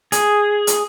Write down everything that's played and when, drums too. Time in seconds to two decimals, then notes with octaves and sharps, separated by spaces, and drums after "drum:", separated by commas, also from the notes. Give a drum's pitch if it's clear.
0.12 G#4, drum: hi-hat
0.67 drum: hi-hat